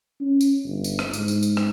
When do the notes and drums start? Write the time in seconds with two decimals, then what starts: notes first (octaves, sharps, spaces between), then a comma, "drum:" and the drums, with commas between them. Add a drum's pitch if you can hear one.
0.20 C#4
0.41 drum: tambourine
0.64 G1
0.84 drum: tambourine
0.99 drum: rim click
1.13 G#2, drum: tambourine
1.28 drum: tambourine
1.43 drum: tambourine
1.57 drum: rim click